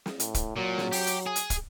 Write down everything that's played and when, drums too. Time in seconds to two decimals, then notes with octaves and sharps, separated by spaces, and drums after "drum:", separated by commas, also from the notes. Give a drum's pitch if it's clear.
0.06 drum: snare
0.20 A2, drum: hi-hat
0.35 drum: kick, hi-hat
0.56 A#2 F#3
0.78 drum: snare
0.92 G4, drum: open hi-hat
1.07 drum: hi-hat
1.27 G#4
1.36 drum: hi-hat
1.50 drum: kick, hi-hat